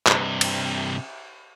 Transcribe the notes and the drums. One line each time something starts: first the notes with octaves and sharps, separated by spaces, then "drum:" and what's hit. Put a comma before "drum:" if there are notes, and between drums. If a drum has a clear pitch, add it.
G2 C3, drum: clap
drum: cymbal